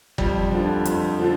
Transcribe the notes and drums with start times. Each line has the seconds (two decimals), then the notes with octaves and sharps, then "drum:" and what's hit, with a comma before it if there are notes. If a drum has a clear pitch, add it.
0.18 F2 G3, drum: kick G1
0.51 D3 F3
0.85 F2, drum: hi-hat
1.19 D3 F3